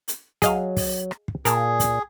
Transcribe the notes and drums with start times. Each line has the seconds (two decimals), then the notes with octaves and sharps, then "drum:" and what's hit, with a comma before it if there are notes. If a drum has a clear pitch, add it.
0.08 drum: hi-hat
0.42 F#3 G#4 D#5 F5, drum: kick, hi-hat
0.77 drum: kick, open hi-hat
1.11 drum: rim click
1.28 drum: kick
1.45 A#2 G#4 A#4 A5, drum: hi-hat
1.80 drum: kick, hi-hat